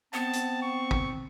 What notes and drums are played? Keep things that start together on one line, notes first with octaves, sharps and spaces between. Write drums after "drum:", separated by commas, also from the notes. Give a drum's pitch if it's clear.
B3 C4 A5
drum: hi-hat
C#6
drum: kick